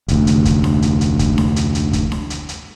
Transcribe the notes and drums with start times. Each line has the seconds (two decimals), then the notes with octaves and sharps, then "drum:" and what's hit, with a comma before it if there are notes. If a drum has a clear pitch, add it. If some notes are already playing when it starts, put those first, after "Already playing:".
0.08 F1 D2, drum: hi-hat
0.27 drum: hi-hat
0.45 drum: kick, hi-hat
0.64 drum: snare D4
0.82 drum: hi-hat
1.01 drum: hi-hat
1.19 drum: kick, hi-hat
1.38 drum: snare D4
1.56 drum: hi-hat
1.75 drum: hi-hat
1.93 drum: kick, hi-hat
2.12 drum: snare D4
2.30 drum: hi-hat
2.49 drum: hi-hat